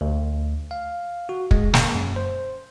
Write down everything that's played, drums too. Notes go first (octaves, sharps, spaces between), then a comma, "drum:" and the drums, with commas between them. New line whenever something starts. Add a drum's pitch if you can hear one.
D2
F5
F#4
G#3, drum: kick
A#3, drum: snare
F#2
C5